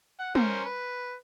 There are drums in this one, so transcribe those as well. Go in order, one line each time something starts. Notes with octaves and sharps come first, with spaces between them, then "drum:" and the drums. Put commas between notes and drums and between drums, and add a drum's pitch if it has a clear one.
F#5
C#4 A#4 C5, drum: tom
B4